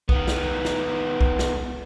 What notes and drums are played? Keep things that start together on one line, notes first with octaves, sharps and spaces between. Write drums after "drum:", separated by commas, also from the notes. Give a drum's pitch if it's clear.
D#3 B3, drum: kick
drum: snare
drum: snare
drum: kick
drum: snare